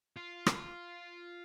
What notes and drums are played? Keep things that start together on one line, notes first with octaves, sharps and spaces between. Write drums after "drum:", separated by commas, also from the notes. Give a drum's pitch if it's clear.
F4
drum: rim click